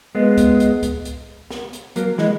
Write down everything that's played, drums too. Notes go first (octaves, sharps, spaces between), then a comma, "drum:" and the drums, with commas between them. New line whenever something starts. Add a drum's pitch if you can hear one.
G#3 B3
drum: kick C2, hi-hat
drum: hi-hat
drum: kick C2, hi-hat
drum: hi-hat
drum: snare
drum: hi-hat
F#3 A#3, drum: hi-hat
E3 G#3, drum: snare